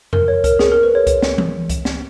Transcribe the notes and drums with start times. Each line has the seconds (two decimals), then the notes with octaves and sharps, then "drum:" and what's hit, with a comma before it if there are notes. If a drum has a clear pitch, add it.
0.13 A#4, drum: tom F2
0.28 C#5
0.44 A#4, drum: kick C#2, hi-hat
0.59 G#4, drum: snare
0.72 A#4
0.83 B4
0.95 C#5
1.07 drum: kick C#2, hi-hat
1.22 drum: snare
1.38 drum: tom E3
1.70 drum: kick C#2, hi-hat
1.85 drum: snare